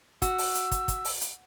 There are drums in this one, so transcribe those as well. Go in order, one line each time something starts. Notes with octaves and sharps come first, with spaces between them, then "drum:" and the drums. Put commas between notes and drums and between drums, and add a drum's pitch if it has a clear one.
F#4 E6, drum: kick, hi-hat
drum: open hi-hat
drum: hi-hat
drum: kick, hi-hat
drum: kick, hi-hat
drum: open hi-hat
drum: hi-hat